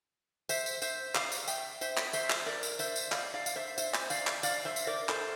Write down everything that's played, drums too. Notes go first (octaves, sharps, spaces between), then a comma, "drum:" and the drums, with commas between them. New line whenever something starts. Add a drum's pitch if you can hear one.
C5 E5, drum: tambourine
drum: tambourine
C5 E5, drum: tambourine
D5 F5, drum: clap
drum: tambourine
E5 G5, drum: tambourine
C5 E5, drum: tambourine
drum: clap
C5 E5, drum: tambourine
drum: clap
A#4 D5
drum: tambourine
C5 E5, drum: tambourine
drum: tambourine
D5 F5, drum: clap
D5 F5
F5, drum: tambourine
C5 E5
C5 E5, drum: tambourine
drum: clap
D5 F5, drum: tambourine
drum: clap
D5 F5, drum: tambourine
C5 E5
drum: tambourine
A#4 D5
A4 C5, drum: clap